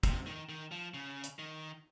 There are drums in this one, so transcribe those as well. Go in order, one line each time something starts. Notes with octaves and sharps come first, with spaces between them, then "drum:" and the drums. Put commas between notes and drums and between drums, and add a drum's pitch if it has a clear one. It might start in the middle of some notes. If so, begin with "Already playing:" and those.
C3, drum: kick, hi-hat
D#3
D#3
F3
C#3
drum: hi-hat
D#3